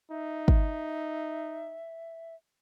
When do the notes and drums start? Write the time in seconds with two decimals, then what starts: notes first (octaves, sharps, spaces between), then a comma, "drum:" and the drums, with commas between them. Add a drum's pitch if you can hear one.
0.11 D#4 E5
0.48 drum: kick